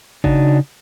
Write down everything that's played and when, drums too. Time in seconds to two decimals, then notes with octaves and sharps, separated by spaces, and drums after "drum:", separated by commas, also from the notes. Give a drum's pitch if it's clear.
0.24 C#3 D4 D#4 F#4, drum: kick